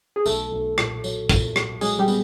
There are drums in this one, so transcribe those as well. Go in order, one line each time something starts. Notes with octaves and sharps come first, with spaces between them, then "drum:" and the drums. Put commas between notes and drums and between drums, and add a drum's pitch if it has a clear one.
G#4
B1 A3 A4, drum: tambourine
B1
A#2, drum: rim click
F#3, drum: tambourine
A#2, drum: kick, tambourine
F#3, drum: rim click
F#3 G#3 G#4, drum: tambourine
G3 G4
B3, drum: tambourine